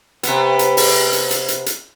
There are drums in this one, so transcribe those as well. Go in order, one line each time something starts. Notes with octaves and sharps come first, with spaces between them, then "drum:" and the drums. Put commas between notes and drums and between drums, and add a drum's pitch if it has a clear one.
C3 B3, drum: hi-hat
drum: hi-hat
drum: open hi-hat
drum: hi-hat
drum: hi-hat
drum: hi-hat
drum: hi-hat